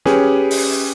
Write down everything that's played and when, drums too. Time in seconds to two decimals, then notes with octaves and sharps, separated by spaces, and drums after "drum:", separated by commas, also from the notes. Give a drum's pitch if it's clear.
0.05 C#4 G4 G#4 B4 C#5, drum: snare
0.51 drum: open hi-hat